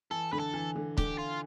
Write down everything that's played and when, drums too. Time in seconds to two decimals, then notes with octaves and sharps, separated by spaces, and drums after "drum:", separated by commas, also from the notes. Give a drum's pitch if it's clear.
0.11 E3 A4
0.33 D3 B4
0.39 A4
0.54 E3
0.76 D3
0.98 D3 G4, drum: kick
1.18 F4